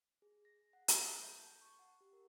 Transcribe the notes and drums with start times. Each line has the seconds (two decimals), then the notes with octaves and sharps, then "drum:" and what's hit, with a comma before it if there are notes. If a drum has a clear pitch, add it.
0.22 G#4
0.45 A#6
0.73 F#5
0.88 B6, drum: hi-hat
1.04 A4
1.23 G6
1.38 A5
1.61 C#6
1.79 F#5
2.01 G4
2.13 A#4